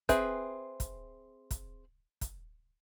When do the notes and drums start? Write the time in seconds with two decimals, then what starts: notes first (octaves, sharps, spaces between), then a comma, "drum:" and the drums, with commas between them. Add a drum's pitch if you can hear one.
0.09 C4 G#4 B4 E5, drum: kick, hi-hat
0.80 drum: kick, hi-hat
1.51 drum: kick, hi-hat
2.21 drum: kick, hi-hat